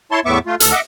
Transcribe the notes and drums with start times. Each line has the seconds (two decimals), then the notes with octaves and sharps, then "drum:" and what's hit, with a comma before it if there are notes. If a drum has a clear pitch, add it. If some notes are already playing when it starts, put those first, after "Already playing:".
0.11 E4 C#5 A5 C6
0.25 E2 A2 B3 E5 C#6 D6
0.47 A3 F4
0.60 D2 A4 F6, drum: hi-hat
0.72 D#5 E5 F#5 D6